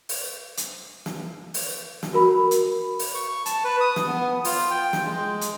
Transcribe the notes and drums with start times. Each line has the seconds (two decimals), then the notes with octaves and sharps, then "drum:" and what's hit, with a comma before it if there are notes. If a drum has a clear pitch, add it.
0.09 drum: open hi-hat
0.57 drum: hi-hat
1.06 drum: snare
1.54 drum: open hi-hat
2.03 drum: snare
2.13 F#4 A#4 B5
2.51 drum: hi-hat
2.99 drum: open hi-hat
3.15 C#6
3.46 A5, drum: hi-hat
3.64 B4
3.81 D#6
3.96 drum: snare
4.07 B3
4.45 F4, drum: open hi-hat
4.71 G5
4.93 drum: snare
5.06 G#3
5.41 drum: hi-hat